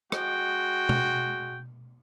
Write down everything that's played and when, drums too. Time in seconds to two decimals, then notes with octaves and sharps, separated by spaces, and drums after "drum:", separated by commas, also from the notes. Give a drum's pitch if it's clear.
0.12 G#3 F#4 G5, drum: rim click
0.89 drum: tom B2